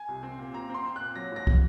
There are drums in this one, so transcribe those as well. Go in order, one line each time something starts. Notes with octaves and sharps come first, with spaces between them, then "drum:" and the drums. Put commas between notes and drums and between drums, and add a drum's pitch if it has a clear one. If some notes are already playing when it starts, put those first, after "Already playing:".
Already playing: G#5
C2
C4
A#2
C4 A#5
C4 C6
C4
A#2 F#6
F#3 A#6
G#2 A#6
drum: kick